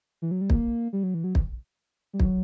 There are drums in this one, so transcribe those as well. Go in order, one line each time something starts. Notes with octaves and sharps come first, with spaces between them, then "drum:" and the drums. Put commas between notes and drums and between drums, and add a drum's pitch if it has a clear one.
E3
F#3
G3
A#3, drum: kick
G3
F#3
E3
F#3
drum: kick
G3
F#3, drum: kick